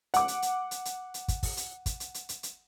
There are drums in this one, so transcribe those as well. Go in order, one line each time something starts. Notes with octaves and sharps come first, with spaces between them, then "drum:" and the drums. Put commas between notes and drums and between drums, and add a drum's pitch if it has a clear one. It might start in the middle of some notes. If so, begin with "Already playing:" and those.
F#5 D6, drum: hi-hat
drum: hi-hat
drum: hi-hat
drum: hi-hat
drum: hi-hat
drum: hi-hat
drum: kick, hi-hat
drum: kick, open hi-hat
drum: hi-hat
drum: kick, hi-hat
drum: hi-hat
drum: hi-hat
drum: hi-hat
drum: hi-hat